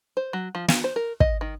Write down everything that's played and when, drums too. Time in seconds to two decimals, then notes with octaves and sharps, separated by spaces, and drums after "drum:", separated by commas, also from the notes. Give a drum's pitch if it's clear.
0.17 C5
0.33 F#3
0.55 F3
0.68 F5, drum: snare
0.84 C5
0.96 A#4
1.20 D#5, drum: kick
1.41 D#3